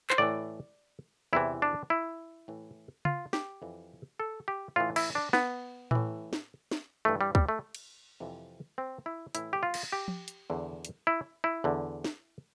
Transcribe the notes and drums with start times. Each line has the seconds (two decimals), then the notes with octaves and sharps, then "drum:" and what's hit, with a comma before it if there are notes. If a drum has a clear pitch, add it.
0.10 C5, drum: clap
0.18 A2 E3 D5
1.33 E2 C3 E3 E4
1.62 D4
1.90 E4
2.48 A2 E3
3.05 F4, drum: tom C#3
3.33 G4, drum: snare
3.62 F2 E3
4.20 A4
4.48 G4
4.76 A2 E3 F4
4.96 E4, drum: cymbal
5.15 D4
5.33 B3, drum: snare
5.91 A2 E3, drum: tom A2
6.33 drum: snare
6.71 drum: snare
7.05 G2 E3 A3
7.21 G3
7.35 G3, drum: kick
7.49 A3
7.75 drum: cymbal
8.20 F2 C3 E3
8.78 C4
9.06 E4
9.35 A2 E3 E4, drum: hi-hat
9.53 G4
9.63 F4
9.74 drum: cymbal
9.92 G4
10.08 drum: tom F3
10.28 drum: hi-hat
10.50 E2 D3
10.85 drum: hi-hat
11.07 E4
11.44 E4
11.64 E2 D3
12.04 drum: snare